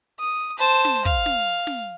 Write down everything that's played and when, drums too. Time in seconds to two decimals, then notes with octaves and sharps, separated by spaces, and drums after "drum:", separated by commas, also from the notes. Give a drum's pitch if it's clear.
0.19 D#6
0.58 C5 A5
0.85 drum: snare
1.05 F5, drum: kick
1.26 drum: snare
1.67 drum: snare